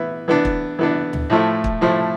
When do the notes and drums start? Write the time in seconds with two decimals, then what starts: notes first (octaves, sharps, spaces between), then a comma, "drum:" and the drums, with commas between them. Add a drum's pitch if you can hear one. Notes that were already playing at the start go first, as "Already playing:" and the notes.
Already playing: E3 B3 E4
0.28 E3 B3 D4
0.45 drum: kick
0.79 E3 B3 D4
1.13 drum: tom
1.30 A2 F3 A3 E4
1.64 drum: kick
1.81 A2 F3 A3 E4